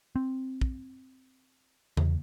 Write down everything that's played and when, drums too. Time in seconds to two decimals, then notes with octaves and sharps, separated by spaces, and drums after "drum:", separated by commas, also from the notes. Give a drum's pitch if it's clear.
0.16 C4
0.61 drum: kick
1.97 E2, drum: tom C#3